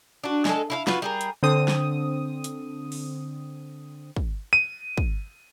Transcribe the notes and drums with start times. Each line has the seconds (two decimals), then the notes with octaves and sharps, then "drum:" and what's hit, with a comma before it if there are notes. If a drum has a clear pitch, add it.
0.24 D4 F#4
0.45 G#3 A4, drum: snare
0.70 E4 F4 F5
0.87 F4 F#4 B4, drum: snare
1.02 G3 G#4 A#4
1.21 drum: hi-hat
1.43 D3 C4 D#6
1.68 drum: snare
2.44 drum: hi-hat
2.92 drum: open hi-hat
4.16 drum: kick
4.53 D#7
4.97 drum: kick